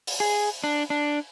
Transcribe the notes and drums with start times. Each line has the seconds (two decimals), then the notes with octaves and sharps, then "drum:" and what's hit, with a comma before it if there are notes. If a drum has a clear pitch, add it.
0.07 drum: open hi-hat
0.20 G#4
0.64 D4
0.90 D4